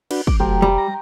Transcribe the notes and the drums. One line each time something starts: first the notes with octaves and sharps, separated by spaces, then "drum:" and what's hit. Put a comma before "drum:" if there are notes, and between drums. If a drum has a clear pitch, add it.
D4 F#4 B4, drum: cymbal
D6, drum: kick
F1 F#3 A3 G4 A#4 C5
G3
A#5